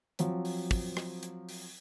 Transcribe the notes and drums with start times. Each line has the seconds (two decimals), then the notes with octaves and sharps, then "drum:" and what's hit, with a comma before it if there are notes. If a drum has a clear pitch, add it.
0.19 F3 F#3 C4, drum: hi-hat
0.45 drum: open hi-hat
0.71 drum: kick, open hi-hat
0.97 drum: rim click
1.23 drum: hi-hat
1.49 drum: open hi-hat